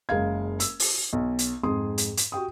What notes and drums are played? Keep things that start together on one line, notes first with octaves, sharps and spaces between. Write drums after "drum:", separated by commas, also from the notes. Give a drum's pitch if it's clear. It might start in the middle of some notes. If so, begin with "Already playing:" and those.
F#1 G#3 A#4 F5 G#6
E6, drum: hi-hat
drum: open hi-hat
B1
drum: hi-hat
F2 G#2 G#4 C6 D#6
drum: hi-hat
drum: hi-hat
F#4 G4 G5 D#6